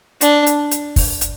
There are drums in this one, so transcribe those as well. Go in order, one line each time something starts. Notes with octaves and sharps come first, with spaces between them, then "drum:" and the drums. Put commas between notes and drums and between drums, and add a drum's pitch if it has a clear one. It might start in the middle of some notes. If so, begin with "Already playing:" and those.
D4, drum: hi-hat
drum: hi-hat
drum: hi-hat
drum: kick, open hi-hat
drum: hi-hat